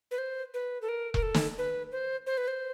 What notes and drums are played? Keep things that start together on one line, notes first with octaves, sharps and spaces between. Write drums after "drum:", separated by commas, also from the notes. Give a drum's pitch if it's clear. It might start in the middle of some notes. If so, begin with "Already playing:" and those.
B4
C5
B4
A4
A#4
A#4, drum: kick E1
A4
drum: snare
B4
C5
C5
B4
C5